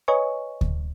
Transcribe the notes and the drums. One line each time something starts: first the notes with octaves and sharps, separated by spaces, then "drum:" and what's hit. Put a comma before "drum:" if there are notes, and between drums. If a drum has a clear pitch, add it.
B4 C#5 D#5 G#5 C#6
drum: kick D2